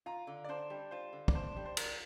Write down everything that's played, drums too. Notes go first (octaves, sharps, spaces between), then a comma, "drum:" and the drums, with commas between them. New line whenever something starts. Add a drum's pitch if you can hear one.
F4 A#5
D3
D5
D4 C5
G3
F4 C5
D3
D5, drum: kick
D4 C5
G3
C5
G3 A#4, drum: cymbal